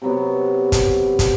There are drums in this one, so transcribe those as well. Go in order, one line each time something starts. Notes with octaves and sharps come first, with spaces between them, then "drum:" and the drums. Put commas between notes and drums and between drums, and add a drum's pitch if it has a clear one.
C3 F#3 B3
drum: kick, hi-hat
drum: kick, hi-hat